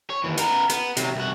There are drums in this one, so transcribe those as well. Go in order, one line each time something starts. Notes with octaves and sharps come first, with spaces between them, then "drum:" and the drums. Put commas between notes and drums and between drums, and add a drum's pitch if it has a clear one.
C#5
D#2 E3
B3 A#4, drum: hi-hat
B3, drum: hi-hat
C3 F#3, drum: hi-hat
C2 F#4